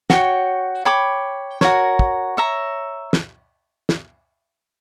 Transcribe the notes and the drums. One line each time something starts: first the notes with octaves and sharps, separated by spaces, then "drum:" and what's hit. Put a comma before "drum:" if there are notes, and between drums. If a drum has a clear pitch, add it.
F#4 C#5 G5, drum: snare
C#5 G5 B5 D6
F#4 A#4 C#5, drum: snare
drum: kick
C#5 E5 A#5
drum: snare
drum: snare